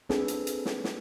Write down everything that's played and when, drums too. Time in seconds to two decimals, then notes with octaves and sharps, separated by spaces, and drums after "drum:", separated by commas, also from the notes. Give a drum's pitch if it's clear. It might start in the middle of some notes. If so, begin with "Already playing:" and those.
0.09 C4 D4 G#4 A4 B4, drum: snare
0.28 drum: hi-hat
0.47 drum: hi-hat
0.65 drum: snare
0.84 drum: snare